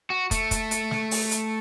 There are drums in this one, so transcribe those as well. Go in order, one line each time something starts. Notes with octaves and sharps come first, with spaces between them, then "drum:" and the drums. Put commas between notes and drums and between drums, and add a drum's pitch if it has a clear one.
F#4
A3, drum: kick, hi-hat
drum: kick, hi-hat
drum: hi-hat
drum: snare
drum: open hi-hat
drum: hi-hat